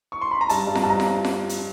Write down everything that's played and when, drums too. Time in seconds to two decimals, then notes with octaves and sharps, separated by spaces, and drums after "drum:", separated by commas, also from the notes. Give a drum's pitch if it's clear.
0.12 C#6
0.21 C6
0.31 B5
0.41 A#5
0.49 G2 A5, drum: hi-hat
0.67 G2
0.75 A#5, drum: snare F4
0.83 G2 A5
0.90 A#5
1.00 drum: snare F4
1.25 drum: snare F4
1.49 drum: hi-hat